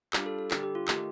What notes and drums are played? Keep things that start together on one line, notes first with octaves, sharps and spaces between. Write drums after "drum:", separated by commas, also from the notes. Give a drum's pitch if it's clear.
G3 D4 F4, drum: clap
A4
A4
D3 G3 D4 G4, drum: clap
G4
F4
D#3 A3 D#4 G4, drum: clap